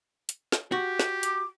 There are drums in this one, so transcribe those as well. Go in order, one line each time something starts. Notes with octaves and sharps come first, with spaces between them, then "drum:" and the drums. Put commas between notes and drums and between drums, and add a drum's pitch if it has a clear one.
drum: hi-hat
drum: snare
F#4 G4
drum: snare
D6, drum: hi-hat